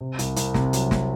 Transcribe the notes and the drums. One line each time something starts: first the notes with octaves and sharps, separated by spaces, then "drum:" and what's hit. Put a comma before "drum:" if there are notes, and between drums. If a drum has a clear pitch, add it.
C3
C2, drum: hi-hat
C2, drum: hi-hat
C3, drum: snare
F#3, drum: hi-hat
drum: snare